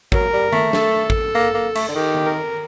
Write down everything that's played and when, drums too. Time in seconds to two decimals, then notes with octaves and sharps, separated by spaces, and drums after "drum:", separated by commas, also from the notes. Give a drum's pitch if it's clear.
0.12 F#3 A#4, drum: kick
0.33 G3
0.53 A3, drum: tom D#3
0.73 A4, drum: snare
1.10 drum: kick
1.35 A#3
1.54 A#3
1.75 A3, drum: cymbal
1.89 D3
1.95 D#3 G4
2.15 drum: tom D#3
2.26 A#4